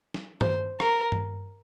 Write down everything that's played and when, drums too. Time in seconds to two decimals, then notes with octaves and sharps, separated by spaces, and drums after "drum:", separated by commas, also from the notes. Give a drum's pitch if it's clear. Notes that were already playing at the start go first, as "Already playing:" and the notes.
0.14 drum: snare
0.41 C5, drum: tom G2
0.80 A#4, drum: rim click
1.12 drum: tom G2